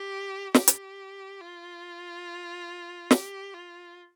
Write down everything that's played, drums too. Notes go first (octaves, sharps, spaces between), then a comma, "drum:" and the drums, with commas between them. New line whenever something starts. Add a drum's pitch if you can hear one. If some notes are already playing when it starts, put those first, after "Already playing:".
Already playing: G4
G4, drum: snare
drum: hi-hat
F4
G4, drum: snare
F4